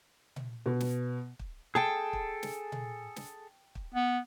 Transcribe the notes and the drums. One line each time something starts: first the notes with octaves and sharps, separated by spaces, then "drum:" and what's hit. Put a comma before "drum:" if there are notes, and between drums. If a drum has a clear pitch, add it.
drum: tom A#2
B2
drum: snare
drum: kick
G#4 A4 G5 A5
drum: kick
drum: snare
drum: tom A#2
drum: snare
drum: kick
B3